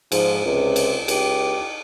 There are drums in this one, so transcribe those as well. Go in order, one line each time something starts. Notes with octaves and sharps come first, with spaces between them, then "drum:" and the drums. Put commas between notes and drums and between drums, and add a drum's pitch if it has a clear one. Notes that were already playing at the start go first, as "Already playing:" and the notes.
G#2 F3, drum: cymbal
C#2 C3
drum: cymbal
C#2 G4, drum: cymbal